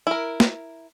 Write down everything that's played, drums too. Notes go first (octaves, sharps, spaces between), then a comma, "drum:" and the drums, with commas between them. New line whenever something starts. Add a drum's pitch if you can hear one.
E4 A#4
drum: snare